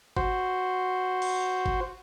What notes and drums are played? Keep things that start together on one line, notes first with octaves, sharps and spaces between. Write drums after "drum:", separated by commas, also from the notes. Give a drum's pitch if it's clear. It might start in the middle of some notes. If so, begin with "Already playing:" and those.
F#4 C5, drum: kick
drum: cymbal
drum: kick